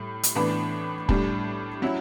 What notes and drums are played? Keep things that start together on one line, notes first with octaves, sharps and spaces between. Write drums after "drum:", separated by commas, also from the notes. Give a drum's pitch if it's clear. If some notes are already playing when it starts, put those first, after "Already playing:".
Already playing: A2 G3
drum: hi-hat
A2 E3 B3 D4
A2 G3 D4, drum: kick
F#3 C#4 E4